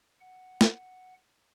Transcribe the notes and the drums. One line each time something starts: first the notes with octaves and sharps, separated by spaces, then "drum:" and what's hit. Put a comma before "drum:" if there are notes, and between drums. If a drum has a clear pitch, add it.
F#5
drum: snare